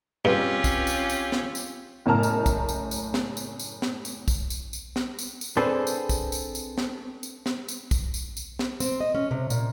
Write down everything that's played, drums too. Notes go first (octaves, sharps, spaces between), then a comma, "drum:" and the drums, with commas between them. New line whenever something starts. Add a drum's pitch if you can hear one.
G2 C4 C#4 F4 G4 E6
drum: kick, tambourine
drum: tambourine
drum: tambourine
drum: snare
drum: tambourine
F#1 A2 A#4 A5 A#5 F6
drum: tambourine
drum: kick, tambourine
drum: tambourine
drum: tambourine
drum: snare
drum: tambourine
drum: tambourine
drum: snare
drum: tambourine
drum: kick, tambourine
drum: tambourine
drum: tambourine
drum: snare
drum: tambourine
drum: tambourine
C4 D4 G#4 A4 B4 C5
drum: tambourine
drum: kick, tambourine
drum: tambourine
drum: tambourine
drum: snare
drum: tambourine
drum: snare
drum: tambourine
drum: kick, tambourine
drum: tambourine
drum: tambourine
drum: snare
C4, drum: tambourine
D#5
C#4
C3
A#2, drum: tambourine